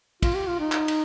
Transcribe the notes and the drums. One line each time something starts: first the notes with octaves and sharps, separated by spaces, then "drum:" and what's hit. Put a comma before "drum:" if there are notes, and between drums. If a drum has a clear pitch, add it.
F4, drum: kick, cymbal
G4
F4
D#4
drum: clap
drum: cymbal